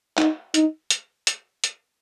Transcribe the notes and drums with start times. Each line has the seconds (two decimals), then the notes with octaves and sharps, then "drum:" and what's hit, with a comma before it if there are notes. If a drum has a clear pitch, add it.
0.17 D#4, drum: clap
0.54 D#4, drum: hi-hat
0.90 drum: hi-hat
1.27 drum: hi-hat
1.64 drum: hi-hat